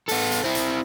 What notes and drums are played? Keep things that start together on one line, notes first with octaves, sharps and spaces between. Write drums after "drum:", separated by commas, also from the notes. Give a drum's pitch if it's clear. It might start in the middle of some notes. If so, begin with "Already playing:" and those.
B3 A4, drum: open hi-hat
drum: hi-hat
C4 E4
drum: hi-hat